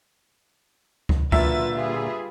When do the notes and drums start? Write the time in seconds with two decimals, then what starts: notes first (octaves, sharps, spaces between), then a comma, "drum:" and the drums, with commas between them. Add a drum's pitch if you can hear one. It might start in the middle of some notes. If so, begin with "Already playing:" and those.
1.09 drum: kick C#2
1.32 A#2 D3 F#3 F4 F#4 B4 E5 A6, drum: kick C#2
1.75 G3 F4 G#4 B4